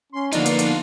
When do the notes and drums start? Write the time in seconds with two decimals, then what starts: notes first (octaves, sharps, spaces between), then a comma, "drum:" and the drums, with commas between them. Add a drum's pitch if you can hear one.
0.12 C#4 C6
0.32 D3 F3 A#3 B3 D4 D#4 F4 F#4, drum: hi-hat
0.46 drum: hi-hat
0.59 drum: hi-hat